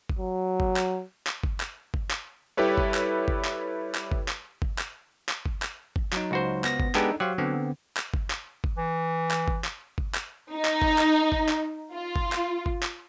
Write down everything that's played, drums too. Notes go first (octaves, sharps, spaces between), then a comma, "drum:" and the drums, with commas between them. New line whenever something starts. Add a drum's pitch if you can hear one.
drum: kick G1
F#3
drum: kick G1
drum: clap
drum: clap
drum: kick G1
drum: clap
drum: kick G1
drum: clap
G3 E4 G4 A4 B4 C#5
drum: kick G1
drum: clap
drum: kick G1
drum: clap
drum: clap
drum: kick G1
drum: clap
drum: kick G1
drum: clap
drum: clap
drum: kick G1
drum: clap
drum: kick G1
F#3 D#4, drum: clap
C#2 F#4 C5
B3 A#6, drum: clap
drum: kick G1
G#3 B3 D4 D#4 G4 A4, drum: clap
F#3 G4 C5 F5
D3 B3 C4
drum: clap
drum: kick G1
drum: clap
drum: kick G1
E3
drum: clap
drum: kick G1
drum: clap
drum: kick G1
drum: clap
D#4
drum: clap
drum: kick G1
drum: clap
drum: kick G1
drum: clap
F4
drum: kick G1
drum: clap
drum: kick G1
drum: clap